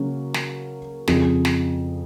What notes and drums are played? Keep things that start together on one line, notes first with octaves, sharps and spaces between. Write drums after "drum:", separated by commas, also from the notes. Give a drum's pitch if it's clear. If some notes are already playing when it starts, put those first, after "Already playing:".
Already playing: C#3 F#3 A#3 C#4
drum: snare
F2 C#3 F3 G#4, drum: snare
drum: snare